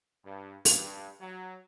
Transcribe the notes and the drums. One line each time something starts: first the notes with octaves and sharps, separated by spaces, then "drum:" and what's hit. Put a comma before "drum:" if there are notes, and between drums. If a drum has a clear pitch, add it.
G2
G2, drum: open hi-hat
F#3